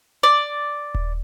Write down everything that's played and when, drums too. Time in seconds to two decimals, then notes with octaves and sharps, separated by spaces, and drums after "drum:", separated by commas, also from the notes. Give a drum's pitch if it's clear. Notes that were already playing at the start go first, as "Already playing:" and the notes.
0.23 D5
0.95 drum: kick D#1